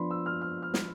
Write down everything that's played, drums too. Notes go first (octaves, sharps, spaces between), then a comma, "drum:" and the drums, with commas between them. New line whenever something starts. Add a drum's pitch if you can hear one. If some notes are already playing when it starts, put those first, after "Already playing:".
Already playing: F3 B3 D4 B5 C6
E6
F6
F6
F6
drum: snare